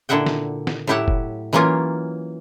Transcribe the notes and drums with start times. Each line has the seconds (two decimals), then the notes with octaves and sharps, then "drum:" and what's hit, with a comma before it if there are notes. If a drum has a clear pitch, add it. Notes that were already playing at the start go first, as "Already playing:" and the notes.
0.09 A#2 D3 E4 E5 F#5 G5
0.26 drum: snare
0.67 drum: snare
0.87 A2 F#3 E4 G4 E5 F#5
1.08 drum: kick
1.53 E3 F#3 A#3 C#4 F4 A#4